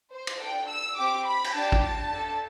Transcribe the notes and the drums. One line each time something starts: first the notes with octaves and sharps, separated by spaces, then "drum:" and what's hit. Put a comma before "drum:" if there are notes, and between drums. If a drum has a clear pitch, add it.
C5
drum: cymbal
D4 A4 G5
E6
C4 G4 D6
B5
drum: cymbal
D4 G4 A5
drum: kick
A5
D4 A4